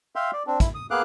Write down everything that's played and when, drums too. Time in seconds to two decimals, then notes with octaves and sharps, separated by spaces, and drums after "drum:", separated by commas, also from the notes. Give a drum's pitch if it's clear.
0.16 E5 F5 G5 C6
0.33 D5
0.47 C4 D4
0.60 E4, drum: kick, hi-hat
0.75 D#6
0.91 A#3 B3 G#4 F5 D6 F#6